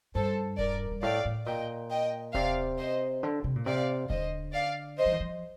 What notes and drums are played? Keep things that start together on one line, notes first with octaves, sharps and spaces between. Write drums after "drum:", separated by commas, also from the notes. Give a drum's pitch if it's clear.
G2 A4 C5
A#4 D5, drum: kick D#1
G2
A2 D5 F5
A2
A#2 D#5 G5
D#5 G5
C3 D5 F5, drum: kick D#1
C5 D#5
D3
C3
A#2
C3 D5 F5
D3 C5 D#5, drum: kick D#1
D5 F5
C5 D#5
F3
D#3
F3